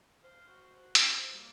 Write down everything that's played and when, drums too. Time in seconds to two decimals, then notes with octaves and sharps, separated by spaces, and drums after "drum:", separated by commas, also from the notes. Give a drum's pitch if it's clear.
0.24 C5 F5
0.48 F#4
0.95 drum: hi-hat
1.18 C5
1.33 G3 A#3